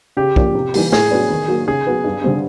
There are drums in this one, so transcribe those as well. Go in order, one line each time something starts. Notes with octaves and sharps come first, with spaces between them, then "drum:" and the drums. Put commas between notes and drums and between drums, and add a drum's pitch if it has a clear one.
C#3 G4
F3 A#3 D4, drum: kick
C3
E3 G3 A#3, drum: open hi-hat
A2 G#4, drum: snare
F#3 B3 D4
D#3
F#3 A#3
C#3 G#4
F#3 B3
G2
D3 G3 C4